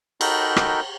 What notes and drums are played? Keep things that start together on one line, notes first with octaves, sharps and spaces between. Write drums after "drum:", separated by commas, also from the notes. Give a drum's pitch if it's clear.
D#4 F#4 A4 A#4 G5 B5, drum: cymbal
drum: rim click